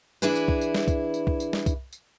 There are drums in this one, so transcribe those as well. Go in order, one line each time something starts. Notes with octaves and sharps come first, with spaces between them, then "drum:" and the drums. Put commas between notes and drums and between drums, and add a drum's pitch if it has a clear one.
E3 D4 E4 G#4 B4
drum: tambourine
drum: kick
drum: tambourine
drum: snare
drum: kick, tambourine
drum: tambourine
drum: kick
drum: tambourine
drum: snare
drum: kick, tambourine
drum: tambourine